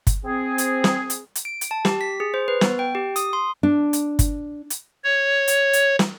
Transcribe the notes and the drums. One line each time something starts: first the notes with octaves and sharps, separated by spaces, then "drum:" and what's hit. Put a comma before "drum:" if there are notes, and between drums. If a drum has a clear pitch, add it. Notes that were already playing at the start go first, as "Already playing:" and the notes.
drum: kick, hi-hat
C4 G#4
drum: hi-hat
drum: snare
drum: hi-hat
drum: hi-hat
D7
drum: hi-hat
A5
G4, drum: snare
B6
G#4
C5
B4
B3, drum: snare
G5
G4
D#6, drum: hi-hat
C6
D4
drum: hi-hat
drum: kick, hi-hat
drum: hi-hat
C#5
drum: hi-hat
drum: hi-hat
drum: snare